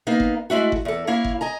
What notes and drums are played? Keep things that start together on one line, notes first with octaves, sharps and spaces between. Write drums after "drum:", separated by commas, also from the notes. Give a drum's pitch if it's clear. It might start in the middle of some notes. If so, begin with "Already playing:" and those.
A#3 B3 D#4 F5
drum: kick F#1
G#3 A3 E4 F#4
drum: kick F#1
E2 A4
A#3 E4 C#5 F5
drum: kick F#1
D#5 G#5 A#5